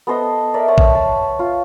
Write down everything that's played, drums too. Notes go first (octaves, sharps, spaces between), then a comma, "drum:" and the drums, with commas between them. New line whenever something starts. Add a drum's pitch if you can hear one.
B3 A4 C5 D#5
A#4 D5 E5
C#5 F#5 A5 C#6
drum: kick A1
A5
F4